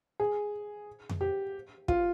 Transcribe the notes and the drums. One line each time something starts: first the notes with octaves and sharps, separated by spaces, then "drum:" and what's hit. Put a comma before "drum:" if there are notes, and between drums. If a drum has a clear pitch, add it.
G#4
drum: tom F2
G4
F4, drum: kick